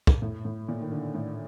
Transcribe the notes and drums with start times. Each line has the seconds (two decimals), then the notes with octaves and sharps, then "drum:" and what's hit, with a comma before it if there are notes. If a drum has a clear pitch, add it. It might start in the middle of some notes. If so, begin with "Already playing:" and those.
0.07 drum: kick
0.22 A2
0.45 A2
0.69 A#2
0.80 D#3
0.91 D3
1.15 A2